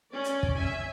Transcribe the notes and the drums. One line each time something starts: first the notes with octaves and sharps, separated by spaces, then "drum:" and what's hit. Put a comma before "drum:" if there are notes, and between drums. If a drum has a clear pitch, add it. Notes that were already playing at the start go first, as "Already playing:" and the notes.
C#4 D5
drum: hi-hat
drum: kick
E5 G#5